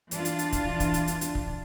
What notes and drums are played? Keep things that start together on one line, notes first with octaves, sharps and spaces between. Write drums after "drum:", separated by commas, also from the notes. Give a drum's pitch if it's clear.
E3 D4 F4, drum: hi-hat
drum: hi-hat
drum: hi-hat
drum: kick, hi-hat
drum: kick, hi-hat
drum: hi-hat
drum: hi-hat
drum: hi-hat
drum: kick